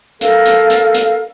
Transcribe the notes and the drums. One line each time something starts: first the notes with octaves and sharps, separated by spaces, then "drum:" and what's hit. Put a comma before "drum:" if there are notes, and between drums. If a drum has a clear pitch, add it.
A4 A#4 F5, drum: hi-hat
drum: hi-hat
drum: hi-hat
drum: hi-hat